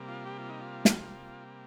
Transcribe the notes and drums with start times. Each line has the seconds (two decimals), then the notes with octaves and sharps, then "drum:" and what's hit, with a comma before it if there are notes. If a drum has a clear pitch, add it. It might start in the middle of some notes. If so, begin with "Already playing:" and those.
Already playing: C3 G3 A#3
0.08 F4
0.26 G4
0.38 F4
0.49 D#4
0.61 F4
0.85 drum: snare
0.99 C3 G3 A#3